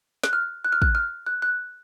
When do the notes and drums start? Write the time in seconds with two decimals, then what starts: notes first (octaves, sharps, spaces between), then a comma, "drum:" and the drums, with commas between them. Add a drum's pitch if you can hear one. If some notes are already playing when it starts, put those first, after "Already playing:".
0.24 F#6, drum: snare
0.33 F6
0.65 F#6
0.72 F6
0.82 F#6, drum: kick
0.95 F6
1.26 F#6
1.42 F#6